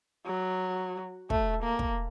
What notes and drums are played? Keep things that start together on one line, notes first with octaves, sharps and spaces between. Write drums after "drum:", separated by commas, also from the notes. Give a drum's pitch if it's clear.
F#3
A3, drum: kick
A#3
drum: kick